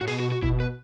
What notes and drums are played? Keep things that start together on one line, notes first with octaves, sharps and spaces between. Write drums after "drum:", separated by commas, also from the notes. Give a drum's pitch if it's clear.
A2 F#4
B2 G#4, drum: open hi-hat
F#4
F#4
B2 E4, drum: kick G1
B4